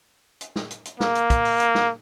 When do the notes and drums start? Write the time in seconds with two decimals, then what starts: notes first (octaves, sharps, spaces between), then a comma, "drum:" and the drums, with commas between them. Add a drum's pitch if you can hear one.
0.41 drum: hi-hat
0.56 drum: snare
0.71 drum: hi-hat
0.85 drum: hi-hat
1.00 A#3, drum: snare
1.15 drum: hi-hat
1.30 drum: kick, hi-hat
1.45 drum: open hi-hat
1.60 drum: hi-hat
1.75 drum: snare